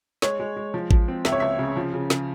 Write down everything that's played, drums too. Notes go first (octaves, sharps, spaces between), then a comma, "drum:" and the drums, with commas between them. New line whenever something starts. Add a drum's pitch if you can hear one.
G#3 C#5, drum: snare
G#3
G#3
F3
F3, drum: kick A1
C4
C#2 E5, drum: snare
C#5
C#2 E5
C#3
F3
C#3
C#3, drum: snare